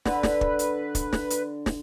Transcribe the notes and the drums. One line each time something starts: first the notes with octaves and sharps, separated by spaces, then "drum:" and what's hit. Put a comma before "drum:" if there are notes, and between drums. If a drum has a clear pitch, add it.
D3 B4, drum: snare
drum: snare
drum: kick
drum: hi-hat
drum: kick, hi-hat
drum: snare
drum: hi-hat
drum: snare